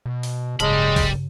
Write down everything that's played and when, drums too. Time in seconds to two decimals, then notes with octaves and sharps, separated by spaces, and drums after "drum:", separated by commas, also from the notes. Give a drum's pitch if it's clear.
0.06 B2
0.23 drum: open hi-hat
0.60 D1 G2 C#3 G3 G#3 A5 B5, drum: hi-hat
0.96 drum: kick, open hi-hat